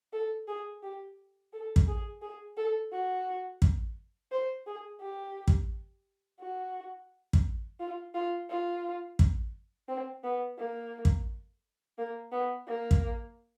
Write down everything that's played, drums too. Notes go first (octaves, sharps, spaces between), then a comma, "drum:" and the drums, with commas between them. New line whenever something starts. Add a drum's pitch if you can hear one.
A4
G#4
G4
A4
drum: kick
G#4
G#4
A4
F#4
drum: kick
C5
G#4
G4
drum: kick
F#4
drum: kick
F4
F4
F4
drum: kick
C4
B3
A#3
drum: kick
A#3
B3
A#3
drum: kick